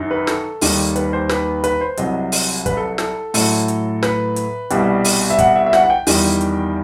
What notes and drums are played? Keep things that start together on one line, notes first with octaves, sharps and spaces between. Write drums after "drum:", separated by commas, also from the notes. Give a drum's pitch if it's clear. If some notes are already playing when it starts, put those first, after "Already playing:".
Already playing: F#2 D#3 F#3
B4
A4, drum: snare
D#2 D#3 G3, drum: open hi-hat
B4, drum: hi-hat
C5
B4, drum: snare
B4, drum: hi-hat
C5
C2 C3 F#3 D#5, drum: hi-hat
drum: open hi-hat
B4, drum: kick, hi-hat
A4
A4, drum: snare
A2 F#3 A4, drum: open hi-hat
drum: hi-hat
B4, drum: snare
drum: hi-hat
C2 B2 G3, drum: hi-hat
drum: open hi-hat
E5
F#5, drum: kick, hi-hat
E5
E5
F#5, drum: snare
F#5
G5
E2 D#3 G3, drum: open hi-hat
drum: hi-hat